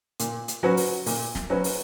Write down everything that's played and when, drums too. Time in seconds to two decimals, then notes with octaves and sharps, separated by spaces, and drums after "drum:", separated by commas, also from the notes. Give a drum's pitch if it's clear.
0.20 A#2, drum: hi-hat
0.48 drum: hi-hat
0.63 F#3 C#4 F#4 B4
0.77 drum: open hi-hat
1.06 A#2, drum: open hi-hat
1.35 drum: snare
1.50 F#3 C#4 F#4 B4
1.64 drum: open hi-hat